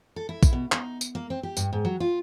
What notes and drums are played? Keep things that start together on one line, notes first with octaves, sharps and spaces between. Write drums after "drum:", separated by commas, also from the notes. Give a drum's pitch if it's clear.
A4
E4
drum: kick, tambourine
B2
D#4, drum: clap
drum: tambourine
A#3
C4
G4
G2, drum: tambourine
G#2
F#3
F4